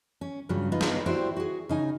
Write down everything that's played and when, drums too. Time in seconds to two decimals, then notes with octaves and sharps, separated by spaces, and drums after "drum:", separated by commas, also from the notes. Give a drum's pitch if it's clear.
0.21 C#4
0.49 G2 C#3 F#3 F4
0.72 B3 D#4 F4
0.81 drum: snare
1.06 E4 F#4 G4 C5 D5 G5
1.36 F#4 G#4
1.69 C#3 D#4 G#5